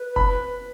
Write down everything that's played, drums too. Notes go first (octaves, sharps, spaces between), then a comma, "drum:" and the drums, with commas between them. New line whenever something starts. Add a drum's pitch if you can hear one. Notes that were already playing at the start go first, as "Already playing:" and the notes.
Already playing: B4
B5, drum: kick F1